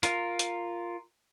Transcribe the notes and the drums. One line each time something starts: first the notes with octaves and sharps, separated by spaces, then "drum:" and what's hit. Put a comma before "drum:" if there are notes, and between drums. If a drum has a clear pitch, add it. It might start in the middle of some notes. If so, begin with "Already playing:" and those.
F4 A#4, drum: hi-hat
drum: hi-hat